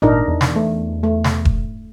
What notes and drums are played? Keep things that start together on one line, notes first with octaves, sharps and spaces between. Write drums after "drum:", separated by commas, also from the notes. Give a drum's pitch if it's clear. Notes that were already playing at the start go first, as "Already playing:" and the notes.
G#1 A#2 D4 D#4 A#4
E2
drum: snare
A3
A3
drum: snare
drum: kick E1